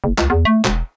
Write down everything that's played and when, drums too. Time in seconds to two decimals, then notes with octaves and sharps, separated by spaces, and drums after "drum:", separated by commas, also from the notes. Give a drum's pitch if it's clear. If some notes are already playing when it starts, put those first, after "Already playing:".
0.04 F#1
0.18 C#2, drum: clap
0.30 E2
0.45 A3
0.65 E1, drum: clap